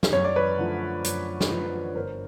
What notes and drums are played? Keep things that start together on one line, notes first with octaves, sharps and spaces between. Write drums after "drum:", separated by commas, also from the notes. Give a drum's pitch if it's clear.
drum: snare
F#2 C#5
D5
B4 C#5
D3 F3 A3
F#2, drum: hi-hat
drum: snare
D3 F3 A3
G1 A#4 C5